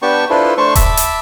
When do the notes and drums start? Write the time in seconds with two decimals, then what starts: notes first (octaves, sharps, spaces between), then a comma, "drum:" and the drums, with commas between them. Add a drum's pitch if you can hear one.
0.02 B3 D4 G4 G5 A5 C#6
0.30 D4 E4 F4 A4 B4 C5
0.58 A3 D4 C5 A5 C#6
0.75 E5 A5 B5 D6, drum: kick D#1, hi-hat
0.97 drum: hi-hat